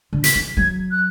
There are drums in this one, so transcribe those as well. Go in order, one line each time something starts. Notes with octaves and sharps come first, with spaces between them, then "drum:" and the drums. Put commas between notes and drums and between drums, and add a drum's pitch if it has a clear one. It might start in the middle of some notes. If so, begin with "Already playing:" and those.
D3
B6, drum: hi-hat
F3
F#3 G#6
F#6